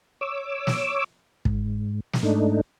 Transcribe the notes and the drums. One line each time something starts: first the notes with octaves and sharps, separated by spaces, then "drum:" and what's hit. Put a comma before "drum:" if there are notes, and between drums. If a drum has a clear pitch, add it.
C#5 D6 E6
drum: snare
G#2, drum: kick
drum: snare
G#2 A3 D4 D#4